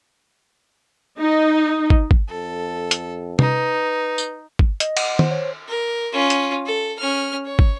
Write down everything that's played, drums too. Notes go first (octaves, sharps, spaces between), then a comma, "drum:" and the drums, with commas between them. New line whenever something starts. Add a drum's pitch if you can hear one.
D#4
drum: kick
drum: kick
F2 A4
drum: hi-hat
D#4 B4, drum: tom C3
drum: tambourine
drum: kick
D#5, drum: hi-hat
F#5, drum: cymbal
C5, drum: tom
C#5
A#4
C#4 F4
drum: hi-hat
A4
C#4 F6
C#5
drum: kick